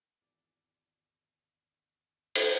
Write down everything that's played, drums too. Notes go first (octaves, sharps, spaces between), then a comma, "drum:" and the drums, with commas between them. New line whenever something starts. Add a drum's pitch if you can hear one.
G#1 E2 D5
drum: cymbal